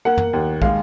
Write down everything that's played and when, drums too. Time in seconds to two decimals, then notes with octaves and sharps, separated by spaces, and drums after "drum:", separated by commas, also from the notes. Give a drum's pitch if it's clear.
0.05 A#3 F#5
0.18 drum: tom
0.33 D#2
0.62 G#3 F5, drum: kick